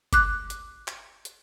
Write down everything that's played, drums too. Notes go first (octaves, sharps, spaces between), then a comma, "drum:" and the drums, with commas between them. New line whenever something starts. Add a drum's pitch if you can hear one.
D6 F#6, drum: kick G1, hi-hat
drum: hi-hat
drum: clap
drum: hi-hat